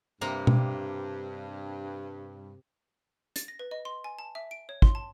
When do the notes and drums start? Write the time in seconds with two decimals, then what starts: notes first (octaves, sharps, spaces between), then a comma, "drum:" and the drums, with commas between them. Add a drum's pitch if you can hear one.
0.21 G2 C3 A#3 A#5
0.47 drum: tom B2
3.36 A6, drum: hi-hat
3.48 A#6
3.59 B4
3.71 D#5
3.85 C6
4.04 G#5
4.19 A5
4.35 E5
4.51 D7
4.69 C#5
4.82 C6, drum: kick
4.95 A5